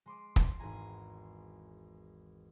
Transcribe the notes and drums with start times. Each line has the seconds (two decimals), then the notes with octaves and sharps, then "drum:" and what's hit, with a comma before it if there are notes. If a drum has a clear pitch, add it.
0.06 G#3 C6 D6
0.36 drum: kick
0.59 G#1 E2 G#4 G#5 A#5